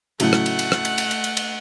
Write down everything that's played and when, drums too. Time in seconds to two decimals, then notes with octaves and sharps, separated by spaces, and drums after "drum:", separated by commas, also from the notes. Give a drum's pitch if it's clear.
0.20 A2 C#3 F#3 A3 F#5, drum: cymbal
0.33 drum: rim click
0.46 drum: cymbal
0.59 drum: cymbal
0.72 drum: rim click
0.85 drum: cymbal
0.98 drum: cymbal
1.11 drum: cymbal
1.24 drum: cymbal
1.37 drum: cymbal